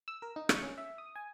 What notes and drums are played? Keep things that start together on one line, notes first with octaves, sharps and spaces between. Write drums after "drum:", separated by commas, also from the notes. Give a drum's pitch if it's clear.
E6
A#4
D#4
C#6, drum: rim click
C#4
E5
D#6
G#5